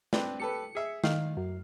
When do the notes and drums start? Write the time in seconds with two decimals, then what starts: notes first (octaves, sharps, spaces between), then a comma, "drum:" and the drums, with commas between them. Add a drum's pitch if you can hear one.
0.13 C4 D4 B4, drum: snare
0.40 G4 A4 B4 C#7
0.75 G#4 E5
1.04 D#3 F5, drum: snare
1.37 F#2